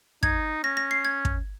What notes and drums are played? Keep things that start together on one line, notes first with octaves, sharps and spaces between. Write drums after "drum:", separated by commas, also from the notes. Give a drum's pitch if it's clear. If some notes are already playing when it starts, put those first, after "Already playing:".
D#4 G#6, drum: kick
C#4 A#6
A#6
C7
G#6
drum: kick